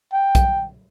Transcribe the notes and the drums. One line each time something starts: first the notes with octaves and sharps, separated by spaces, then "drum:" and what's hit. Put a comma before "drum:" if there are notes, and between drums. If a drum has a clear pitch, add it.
G5
drum: kick B1, hi-hat